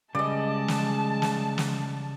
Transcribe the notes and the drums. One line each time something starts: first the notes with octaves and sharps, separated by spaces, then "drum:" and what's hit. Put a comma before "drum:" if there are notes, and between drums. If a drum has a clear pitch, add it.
C#3 G3 G#3 D5 D#5 A5
drum: snare
drum: snare
drum: snare